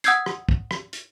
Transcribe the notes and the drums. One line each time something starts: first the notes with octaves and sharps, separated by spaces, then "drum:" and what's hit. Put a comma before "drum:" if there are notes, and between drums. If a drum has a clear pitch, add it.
F#5 D#6 E6 G6 G#6 C7, drum: hi-hat
drum: rim click
drum: kick
drum: rim click
drum: hi-hat